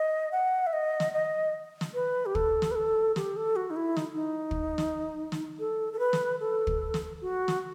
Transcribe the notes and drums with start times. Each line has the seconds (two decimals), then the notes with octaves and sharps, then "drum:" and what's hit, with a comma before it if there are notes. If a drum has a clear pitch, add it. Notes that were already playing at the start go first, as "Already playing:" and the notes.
Already playing: D#5
0.32 F#5
0.67 E5
0.73 D#5
1.00 drum: snare
1.13 D#5
1.81 drum: snare
1.94 B4
2.26 G4
2.35 A4, drum: kick
2.62 drum: snare
2.71 B4
2.75 A4
3.16 G4, drum: snare
3.36 A4
3.56 F#4
3.70 D#4
3.76 E4
3.97 D#4, drum: snare
4.14 D#4
4.51 drum: kick
4.78 drum: snare
5.32 drum: snare
5.59 A4
5.93 A4
5.99 B4
6.13 drum: snare
6.40 A4
6.67 drum: kick
6.94 drum: snare
7.21 F#4
7.48 drum: snare